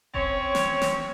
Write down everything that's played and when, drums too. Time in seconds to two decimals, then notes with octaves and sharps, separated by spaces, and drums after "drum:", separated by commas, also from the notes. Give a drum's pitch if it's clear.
0.14 C4 C#4 C#5, drum: kick E1
0.55 drum: snare
0.82 drum: snare